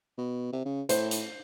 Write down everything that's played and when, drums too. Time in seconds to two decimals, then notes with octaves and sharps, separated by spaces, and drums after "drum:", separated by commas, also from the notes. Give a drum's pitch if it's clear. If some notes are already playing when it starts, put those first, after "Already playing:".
0.18 B2
0.52 C3
0.66 C#3
0.89 A2 C5, drum: hi-hat
1.11 drum: hi-hat